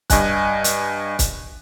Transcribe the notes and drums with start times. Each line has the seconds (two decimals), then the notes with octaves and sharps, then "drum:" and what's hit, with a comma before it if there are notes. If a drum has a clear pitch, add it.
0.10 G2 D#5 G#5 F#6, drum: kick, hi-hat
0.64 drum: hi-hat
1.19 drum: kick, hi-hat